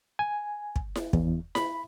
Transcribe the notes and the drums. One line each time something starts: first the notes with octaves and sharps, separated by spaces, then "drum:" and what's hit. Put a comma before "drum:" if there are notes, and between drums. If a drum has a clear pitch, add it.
G#5
drum: kick
drum: snare E4
E2, drum: kick
B5, drum: snare E4